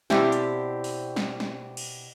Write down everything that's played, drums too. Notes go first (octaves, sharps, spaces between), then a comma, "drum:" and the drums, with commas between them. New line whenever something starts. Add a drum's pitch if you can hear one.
B2 C4 D4 E4 G4, drum: snare
drum: hi-hat
drum: open hi-hat
drum: snare
drum: snare
drum: cymbal